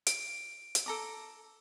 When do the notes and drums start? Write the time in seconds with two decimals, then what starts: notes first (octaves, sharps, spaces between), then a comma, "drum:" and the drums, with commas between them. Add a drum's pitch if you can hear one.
0.07 D7, drum: hi-hat
0.75 drum: hi-hat
0.86 A4 A#5 D6